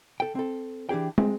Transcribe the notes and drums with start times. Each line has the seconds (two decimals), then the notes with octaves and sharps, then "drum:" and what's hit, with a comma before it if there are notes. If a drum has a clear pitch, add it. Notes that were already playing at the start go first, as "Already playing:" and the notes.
0.20 A4 G5
0.35 C4 A4
0.89 E3 D4 G4 G#4 G5
1.18 G#3 C4, drum: tom